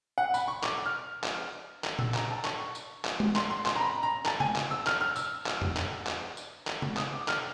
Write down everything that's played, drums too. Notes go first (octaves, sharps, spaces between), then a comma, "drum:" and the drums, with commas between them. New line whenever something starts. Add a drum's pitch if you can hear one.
F#5
B5, drum: tambourine
C#6
D6, drum: clap
F6
drum: clap
drum: clap
E6, drum: tom A#2
A#5, drum: clap
A5
C#6, drum: clap
drum: tambourine
drum: clap
drum: tom G#3
C6, drum: clap
C6
C6, drum: clap
A#5
B5
A#5
A5, drum: clap
G#5, drum: tom C3
drum: clap
E6
F6, drum: clap
F6
E6, drum: tambourine
drum: clap
drum: tom E2
drum: clap
drum: clap
drum: tambourine
drum: clap
drum: tom C3
D#6, drum: clap
D6
F6, drum: clap